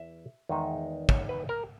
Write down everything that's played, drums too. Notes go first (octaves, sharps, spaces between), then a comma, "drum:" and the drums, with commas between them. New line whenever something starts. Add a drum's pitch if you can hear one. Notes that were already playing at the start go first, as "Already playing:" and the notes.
Already playing: E2 E3 E5
E2 D#3 G#3 D#4
C#5, drum: kick
B4
A#4